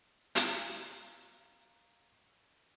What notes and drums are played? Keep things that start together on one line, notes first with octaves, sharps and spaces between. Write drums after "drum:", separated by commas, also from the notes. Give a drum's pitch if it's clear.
F5 A#5, drum: hi-hat